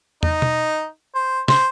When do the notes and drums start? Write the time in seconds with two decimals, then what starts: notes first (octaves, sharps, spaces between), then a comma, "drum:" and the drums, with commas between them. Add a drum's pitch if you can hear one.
0.23 D#4, drum: tom
0.42 drum: tom B2
1.15 C5
1.48 C5, drum: snare